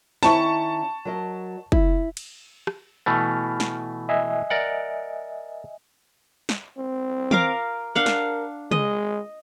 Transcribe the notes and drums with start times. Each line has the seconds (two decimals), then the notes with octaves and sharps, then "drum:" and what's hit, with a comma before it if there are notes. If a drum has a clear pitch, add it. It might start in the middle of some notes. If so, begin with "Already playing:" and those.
0.23 D#3 C#4 E4 A5 C#6, drum: snare
1.05 F#3 A#4 D#5
1.72 E4, drum: kick
2.17 drum: cymbal
2.67 drum: rim click
3.06 B2 E3 A3 F6
3.60 drum: snare
4.09 D#5 E5 G#5
4.50 A#4 D5 F#5
6.49 drum: snare
6.78 C4
7.31 A#4 F5 D6, drum: tom
7.95 D4 A#4 F5 F#5
8.06 drum: snare
8.71 G#3 D#5, drum: tom